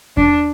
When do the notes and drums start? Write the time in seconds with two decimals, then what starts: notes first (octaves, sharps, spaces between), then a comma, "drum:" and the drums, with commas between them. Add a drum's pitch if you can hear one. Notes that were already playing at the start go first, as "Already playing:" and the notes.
0.17 D4, drum: kick E2